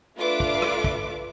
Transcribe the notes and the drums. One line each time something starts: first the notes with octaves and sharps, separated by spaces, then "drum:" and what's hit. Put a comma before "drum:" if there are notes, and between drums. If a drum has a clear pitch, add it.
A3 D4 F4 B4 E5 D6
drum: kick
drum: rim click
drum: kick